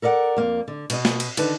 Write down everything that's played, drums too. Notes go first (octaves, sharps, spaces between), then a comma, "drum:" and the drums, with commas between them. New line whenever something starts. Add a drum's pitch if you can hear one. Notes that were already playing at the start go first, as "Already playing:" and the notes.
A4 A#4 D5 E5 F#5
F2 A#3
D3
B2 D#5, drum: cymbal
drum: snare
drum: cymbal
D3 D#3 B4 A5, drum: cymbal